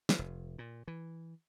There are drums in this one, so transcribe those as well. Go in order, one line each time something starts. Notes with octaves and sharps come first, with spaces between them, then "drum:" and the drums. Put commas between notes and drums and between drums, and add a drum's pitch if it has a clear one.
drum: snare
F1
A#2
E3